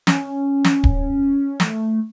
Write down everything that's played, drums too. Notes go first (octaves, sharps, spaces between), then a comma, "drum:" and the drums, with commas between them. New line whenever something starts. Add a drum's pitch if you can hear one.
C#4, drum: snare
drum: snare
drum: kick D1
A3, drum: snare